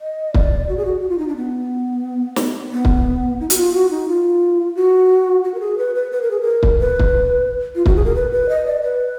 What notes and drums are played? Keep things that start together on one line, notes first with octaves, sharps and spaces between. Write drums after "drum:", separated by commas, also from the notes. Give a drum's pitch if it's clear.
D#5
D5, drum: kick
F#4
G#4
F#4
F#4
F4
D#4
D4
B3
drum: snare
B3
drum: kick
D#4
F#4, drum: hi-hat
F4
F#4
D#4
F4
F#4
F#4
A#4
G#4
B4
B4
B4
A#4
G#4
A#4
drum: kick
B4
drum: kick
F4
F#4, drum: kick
G#4
A#4
B4
B4
D#5
D5
B4